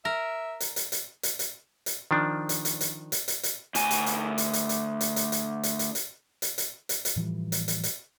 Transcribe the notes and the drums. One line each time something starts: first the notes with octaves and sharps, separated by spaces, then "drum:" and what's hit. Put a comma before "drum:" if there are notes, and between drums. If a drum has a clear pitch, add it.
A#4 E5
drum: hi-hat
drum: hi-hat
drum: hi-hat
drum: hi-hat
drum: hi-hat
drum: hi-hat
D#3 F3 D4
drum: hi-hat
drum: hi-hat
drum: hi-hat
drum: hi-hat
drum: hi-hat
drum: hi-hat
D2 G#5, drum: hi-hat
drum: hi-hat
drum: hi-hat
drum: hi-hat
drum: hi-hat
drum: hi-hat
drum: hi-hat
drum: hi-hat
drum: hi-hat
drum: hi-hat
drum: hi-hat
drum: hi-hat
drum: hi-hat
drum: hi-hat
drum: hi-hat
drum: hi-hat
A2 E3 F3 G3
drum: hi-hat
drum: hi-hat
drum: hi-hat